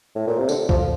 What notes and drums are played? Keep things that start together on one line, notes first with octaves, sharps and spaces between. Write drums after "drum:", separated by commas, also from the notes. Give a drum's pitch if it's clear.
A2
A#2
C3
D3, drum: tambourine
F3, drum: kick C2